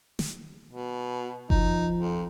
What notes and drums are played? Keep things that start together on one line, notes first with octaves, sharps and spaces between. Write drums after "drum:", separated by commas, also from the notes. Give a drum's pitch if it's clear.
drum: snare
B2
F3 D#4, drum: kick F#1
F2